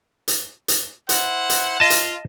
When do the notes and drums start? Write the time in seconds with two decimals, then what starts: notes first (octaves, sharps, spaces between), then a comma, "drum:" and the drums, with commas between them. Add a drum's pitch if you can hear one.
0.28 drum: hi-hat
0.68 drum: hi-hat
1.09 E4 C5 F#5, drum: hi-hat
1.50 drum: hi-hat
1.80 F4 D#5 A5
1.90 drum: hi-hat